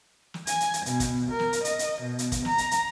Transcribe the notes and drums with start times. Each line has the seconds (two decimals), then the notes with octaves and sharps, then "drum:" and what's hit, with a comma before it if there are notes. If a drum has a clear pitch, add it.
0.34 drum: snare
0.47 G#5, drum: hi-hat
0.60 drum: hi-hat
0.74 drum: hi-hat
0.86 B2, drum: hi-hat
1.00 drum: kick, hi-hat
1.30 A#4
1.39 drum: snare
1.53 drum: hi-hat
1.65 D#5, drum: hi-hat
1.79 drum: hi-hat
2.01 B2
2.19 drum: hi-hat
2.32 drum: kick, hi-hat
2.45 A#5, drum: snare
2.58 drum: hi-hat
2.71 drum: hi-hat